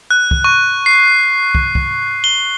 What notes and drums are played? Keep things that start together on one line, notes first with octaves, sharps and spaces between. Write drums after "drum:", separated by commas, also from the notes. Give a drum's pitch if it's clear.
F#6
drum: kick
C#6
C7
drum: kick
drum: kick
G7